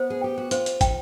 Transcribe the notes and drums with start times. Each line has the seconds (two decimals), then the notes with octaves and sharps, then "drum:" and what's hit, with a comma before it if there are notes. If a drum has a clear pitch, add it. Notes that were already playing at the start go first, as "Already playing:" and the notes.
Already playing: B3 C5
0.10 G#4
0.21 G4 G5
0.38 F#4
0.51 F4 C5, drum: hi-hat
0.66 drum: hi-hat
0.81 G5, drum: kick, hi-hat